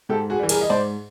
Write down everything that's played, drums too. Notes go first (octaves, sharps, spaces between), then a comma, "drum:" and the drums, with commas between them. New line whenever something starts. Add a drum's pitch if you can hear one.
G#2 G4 A4
F#4 G#4
E3 G3
G#4 A#4, drum: cymbal
D#5
G#2 C5 D5